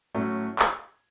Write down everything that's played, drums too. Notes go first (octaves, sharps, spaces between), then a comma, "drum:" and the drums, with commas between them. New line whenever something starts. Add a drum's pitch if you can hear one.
A2 F#3 A3 C#4 F#4
drum: clap